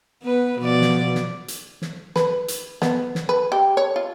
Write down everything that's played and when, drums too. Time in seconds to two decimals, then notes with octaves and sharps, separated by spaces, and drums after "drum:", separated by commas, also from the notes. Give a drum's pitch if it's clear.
0.23 B3 B4
0.59 B2 F3 D5
0.82 drum: snare
1.15 drum: snare
1.48 drum: hi-hat
1.82 drum: snare
2.16 B4, drum: snare
2.48 drum: hi-hat
2.82 B3, drum: snare
3.15 drum: snare
3.29 B4
3.52 G4
3.77 C#5
3.96 F4